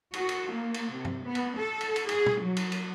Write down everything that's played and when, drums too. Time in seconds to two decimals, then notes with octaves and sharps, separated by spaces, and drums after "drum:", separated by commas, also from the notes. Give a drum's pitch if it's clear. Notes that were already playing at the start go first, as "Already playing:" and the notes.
0.14 F#4, drum: cymbal
0.29 drum: cymbal
0.51 A#3
0.74 drum: cymbal
0.94 C3
1.05 drum: tom
1.25 B3
1.35 drum: cymbal
1.57 A4
1.81 drum: cymbal
1.96 drum: cymbal
2.09 G#4, drum: cymbal
2.26 drum: tom
2.40 F#3
2.57 drum: cymbal
2.72 drum: cymbal